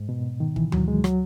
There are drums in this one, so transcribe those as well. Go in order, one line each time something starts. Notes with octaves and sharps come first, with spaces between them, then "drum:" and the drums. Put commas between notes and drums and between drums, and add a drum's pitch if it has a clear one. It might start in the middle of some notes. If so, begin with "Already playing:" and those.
Already playing: G#2
B2
D#3
E3, drum: kick
F#3, drum: tom D2
G#3
F#3, drum: rim click